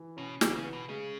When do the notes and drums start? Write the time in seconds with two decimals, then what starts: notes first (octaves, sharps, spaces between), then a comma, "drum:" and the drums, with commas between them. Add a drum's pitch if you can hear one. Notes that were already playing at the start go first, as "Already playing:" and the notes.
Already playing: E3
0.17 B2 C#4
0.41 C#3 E3, drum: snare
0.56 C#3
0.64 B3
0.73 B2
0.89 C#3 G#3